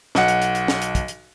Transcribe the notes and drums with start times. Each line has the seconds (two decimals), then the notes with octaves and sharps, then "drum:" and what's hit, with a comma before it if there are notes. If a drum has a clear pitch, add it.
0.15 B1 F#5, drum: snare
0.28 drum: hi-hat
0.42 drum: hi-hat
0.55 drum: hi-hat
0.68 drum: snare
0.82 drum: hi-hat
0.95 drum: kick, hi-hat
1.08 drum: hi-hat